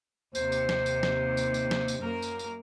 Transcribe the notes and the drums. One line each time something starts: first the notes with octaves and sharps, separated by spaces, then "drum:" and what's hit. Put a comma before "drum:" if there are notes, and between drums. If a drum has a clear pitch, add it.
D#2 C3 C5, drum: tambourine
drum: tambourine
drum: snare
drum: tambourine
drum: snare
drum: tambourine
drum: tambourine
drum: snare
drum: tambourine
F#2 A#3 A#4
drum: tambourine
drum: tambourine